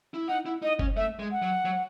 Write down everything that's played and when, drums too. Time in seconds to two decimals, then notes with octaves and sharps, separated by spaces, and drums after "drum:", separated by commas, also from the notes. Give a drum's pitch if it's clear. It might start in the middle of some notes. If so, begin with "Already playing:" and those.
0.14 E4
0.28 D#4 F#5
0.46 E4
0.62 D#4 D#5
0.79 C#4, drum: kick F#1
0.96 A3 E5
1.19 G#3
1.31 F#5
1.42 F#3
1.65 F#3